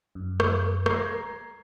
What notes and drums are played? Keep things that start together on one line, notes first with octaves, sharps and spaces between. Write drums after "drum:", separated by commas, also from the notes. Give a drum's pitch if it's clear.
F#2
drum: rim click
A#5 G#6 C7, drum: rim click